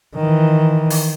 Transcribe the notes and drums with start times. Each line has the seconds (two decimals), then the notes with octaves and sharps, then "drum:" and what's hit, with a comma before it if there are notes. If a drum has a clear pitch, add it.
0.16 D#3 E3
0.90 drum: open hi-hat